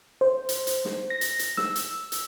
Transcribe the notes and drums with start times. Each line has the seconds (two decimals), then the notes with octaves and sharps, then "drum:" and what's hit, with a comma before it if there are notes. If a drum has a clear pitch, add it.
0.21 C5
0.49 drum: hi-hat
0.67 drum: hi-hat
0.85 drum: snare
1.10 A#6
1.21 drum: hi-hat
1.39 drum: hi-hat
1.57 E6, drum: snare
1.76 drum: hi-hat
2.12 drum: hi-hat